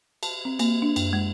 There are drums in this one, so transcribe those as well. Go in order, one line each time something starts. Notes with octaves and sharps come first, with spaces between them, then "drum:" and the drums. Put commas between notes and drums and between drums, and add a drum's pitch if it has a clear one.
A5, drum: cymbal
C4
A#3, drum: cymbal
D4
F#2, drum: cymbal
G#3